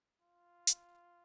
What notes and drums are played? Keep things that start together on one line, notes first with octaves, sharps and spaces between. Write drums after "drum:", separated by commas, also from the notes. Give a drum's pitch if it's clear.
F4
drum: hi-hat